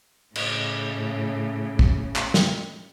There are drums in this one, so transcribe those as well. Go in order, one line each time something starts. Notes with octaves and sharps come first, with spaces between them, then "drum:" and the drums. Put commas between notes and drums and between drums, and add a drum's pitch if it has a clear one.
A2 C#3, drum: cymbal
drum: kick
drum: clap
drum: snare